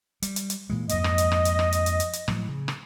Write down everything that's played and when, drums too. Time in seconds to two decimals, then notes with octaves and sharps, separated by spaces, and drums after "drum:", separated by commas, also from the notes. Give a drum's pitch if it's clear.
0.22 G3, drum: hi-hat
0.36 drum: hi-hat
0.50 drum: hi-hat
0.70 A#2 E3 G#3
0.89 F2 G#2 A#3 D#5, drum: hi-hat
1.04 drum: rim click
1.18 drum: hi-hat
1.32 drum: rim click
1.45 drum: hi-hat
1.59 drum: rim click
1.72 drum: hi-hat
1.86 drum: hi-hat
2.00 drum: hi-hat
2.13 drum: hi-hat
2.28 A2 F3 F#3, drum: rim click
2.48 C#3
2.68 drum: rim click